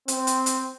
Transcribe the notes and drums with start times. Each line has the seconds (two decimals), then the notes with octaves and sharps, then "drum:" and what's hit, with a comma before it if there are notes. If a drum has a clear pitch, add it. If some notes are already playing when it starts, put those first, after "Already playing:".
0.08 C4, drum: hi-hat
0.27 drum: hi-hat
0.46 drum: hi-hat